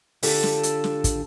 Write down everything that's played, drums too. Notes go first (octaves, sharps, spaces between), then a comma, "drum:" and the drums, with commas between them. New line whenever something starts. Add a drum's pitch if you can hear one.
D3 D4 F4 G4 A4, drum: open hi-hat
drum: snare
drum: hi-hat
drum: snare
drum: kick, hi-hat